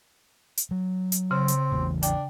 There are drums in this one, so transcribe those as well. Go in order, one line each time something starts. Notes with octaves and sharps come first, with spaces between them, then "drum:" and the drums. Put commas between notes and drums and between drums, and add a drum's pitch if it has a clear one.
drum: hi-hat
F#3
drum: hi-hat
C#3 C4
drum: hi-hat
A1 E2 A2
D4 G5, drum: hi-hat